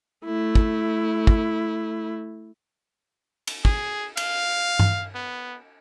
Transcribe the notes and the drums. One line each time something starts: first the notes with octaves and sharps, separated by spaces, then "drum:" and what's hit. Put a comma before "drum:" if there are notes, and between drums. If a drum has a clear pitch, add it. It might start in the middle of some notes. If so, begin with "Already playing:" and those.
A3 E4
drum: kick
drum: kick
drum: cymbal
G#4, drum: kick
F5, drum: cymbal
drum: tom G2
B3